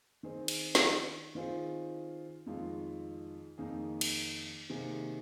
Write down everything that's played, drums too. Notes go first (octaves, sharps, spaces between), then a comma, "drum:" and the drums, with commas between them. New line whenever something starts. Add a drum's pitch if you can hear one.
D#3 C4 G#4
drum: cymbal
drum: snare
D#3 C4 F4 G#4
F2 D#3 G#3 F4
F2 D#3 A#3 D#4 G#4
drum: cymbal
C3 D#3 A#3 G#4